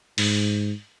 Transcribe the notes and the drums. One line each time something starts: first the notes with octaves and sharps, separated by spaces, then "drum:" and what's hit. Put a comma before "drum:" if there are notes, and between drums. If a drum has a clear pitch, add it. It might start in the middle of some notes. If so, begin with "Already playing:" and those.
G#2, drum: open hi-hat